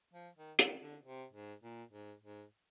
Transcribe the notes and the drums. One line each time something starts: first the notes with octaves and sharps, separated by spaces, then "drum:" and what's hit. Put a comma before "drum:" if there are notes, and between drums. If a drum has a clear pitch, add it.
F3
D#3
D#3, drum: hi-hat
D3
C3
G#2
A#2
G#2
G#2